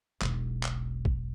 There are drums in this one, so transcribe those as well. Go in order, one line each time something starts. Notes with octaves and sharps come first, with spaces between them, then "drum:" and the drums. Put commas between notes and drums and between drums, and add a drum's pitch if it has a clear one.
E1 B1, drum: clap
drum: clap
drum: kick A1